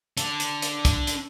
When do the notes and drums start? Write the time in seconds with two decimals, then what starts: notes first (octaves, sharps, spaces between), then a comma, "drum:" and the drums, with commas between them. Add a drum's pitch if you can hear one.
0.17 D4 A4, drum: hi-hat
0.40 drum: hi-hat
0.62 drum: hi-hat
0.85 drum: kick, hi-hat
1.07 drum: hi-hat